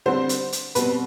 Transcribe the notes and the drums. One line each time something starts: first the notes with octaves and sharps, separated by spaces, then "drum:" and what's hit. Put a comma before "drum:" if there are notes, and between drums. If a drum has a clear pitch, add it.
D3 G3 C4 C5
drum: hi-hat
drum: hi-hat
B2 G3 C4 B4, drum: hi-hat